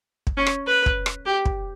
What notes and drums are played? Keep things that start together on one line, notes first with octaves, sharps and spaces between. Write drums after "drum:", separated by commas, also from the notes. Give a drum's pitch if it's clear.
drum: kick
C#4
drum: rim click
B4
drum: kick
drum: rim click
G4
drum: kick